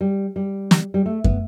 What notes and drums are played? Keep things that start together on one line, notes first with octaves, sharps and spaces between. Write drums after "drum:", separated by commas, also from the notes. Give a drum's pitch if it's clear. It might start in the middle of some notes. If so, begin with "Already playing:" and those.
G3
G3
drum: snare
G3
A3
B3, drum: kick F#2